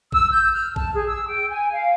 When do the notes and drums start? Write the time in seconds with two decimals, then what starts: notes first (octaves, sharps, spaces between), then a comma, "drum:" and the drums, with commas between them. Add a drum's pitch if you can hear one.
0.12 E6, drum: kick A#1
0.31 G6
0.53 F6
0.76 A5, drum: kick A#1
0.94 G#4
1.08 E6
1.28 G5
1.50 G#5
1.73 F5